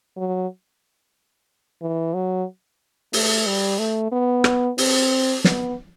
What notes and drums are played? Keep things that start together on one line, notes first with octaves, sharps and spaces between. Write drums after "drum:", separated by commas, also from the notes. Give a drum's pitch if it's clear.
F#3
E3
F#3
A3, drum: open hi-hat
G3
A3
B3
drum: rim click
C4, drum: open hi-hat
B3, drum: snare